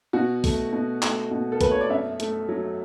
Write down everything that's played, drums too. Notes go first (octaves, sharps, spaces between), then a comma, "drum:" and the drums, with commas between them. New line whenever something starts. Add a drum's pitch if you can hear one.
B2 F#4
A3, drum: kick, open hi-hat
B2
A3, drum: clap
B2
A4
A3 B4, drum: kick, hi-hat
C#5
D5
F#2 E5
A3, drum: hi-hat
F#3